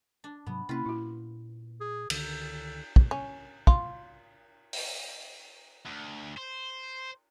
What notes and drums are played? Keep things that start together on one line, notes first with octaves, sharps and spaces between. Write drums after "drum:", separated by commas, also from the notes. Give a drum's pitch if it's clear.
D4
G#2 C3 F#3 B3
C3 A#3 C#4 E4 F4 B4
A#2 E4 F#4
G#4
C#2 D3 D#3 A4, drum: cymbal
drum: kick
C#4
F4, drum: kick
drum: open hi-hat
D2
C5